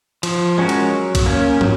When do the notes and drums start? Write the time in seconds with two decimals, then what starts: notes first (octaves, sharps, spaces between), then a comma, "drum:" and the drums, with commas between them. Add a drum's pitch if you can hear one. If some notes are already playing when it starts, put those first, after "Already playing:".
0.23 F3, drum: cymbal
0.58 G#3 C#4 F#4 A#4
0.69 drum: cymbal
0.92 F#3
1.15 drum: kick, cymbal
1.26 A#3 C#4
1.61 F#3, drum: tom